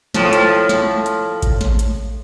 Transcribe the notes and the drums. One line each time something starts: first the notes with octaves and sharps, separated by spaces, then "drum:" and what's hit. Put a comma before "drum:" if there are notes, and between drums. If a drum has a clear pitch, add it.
A2 F3, drum: snare
drum: hi-hat
drum: snare
drum: hi-hat
drum: kick A1, hi-hat
drum: snare
drum: hi-hat